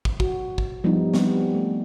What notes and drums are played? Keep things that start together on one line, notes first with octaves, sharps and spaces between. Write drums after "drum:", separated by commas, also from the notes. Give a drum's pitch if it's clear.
drum: kick
F#4, drum: kick
drum: kick
F3 G3 B3 D4 D#4
G3 B3 C4 D4, drum: snare
A3